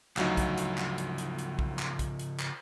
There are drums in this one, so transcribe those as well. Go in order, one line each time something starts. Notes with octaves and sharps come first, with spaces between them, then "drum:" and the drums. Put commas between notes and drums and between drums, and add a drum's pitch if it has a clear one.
D2 C#3 F3 F#3 D#4 F4, drum: clap
drum: kick B1, hi-hat
drum: hi-hat
drum: clap
drum: hi-hat
drum: hi-hat
drum: hi-hat
drum: kick B1
drum: clap
drum: kick B1, hi-hat
drum: hi-hat
drum: clap